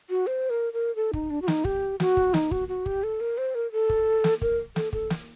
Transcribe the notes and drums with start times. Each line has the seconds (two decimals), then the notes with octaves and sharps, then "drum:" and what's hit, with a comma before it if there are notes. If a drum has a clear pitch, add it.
0.10 F#4
0.27 C5
0.50 A#4
0.73 A#4
0.96 A4
1.13 D#4, drum: kick
1.30 D4
1.42 F#4
1.48 D#4, drum: snare
1.65 G4, drum: kick
2.00 F#4, drum: snare
2.17 drum: kick
2.34 D#4, drum: snare
2.51 F#4, drum: kick
2.68 F#4
2.86 G4, drum: kick
3.03 A4
3.21 A#4
3.38 C5
3.55 A#4
3.72 A4
3.89 drum: kick
4.24 drum: snare
4.42 A#4, drum: kick
4.76 A4, drum: snare
4.93 A4, drum: kick
5.10 drum: snare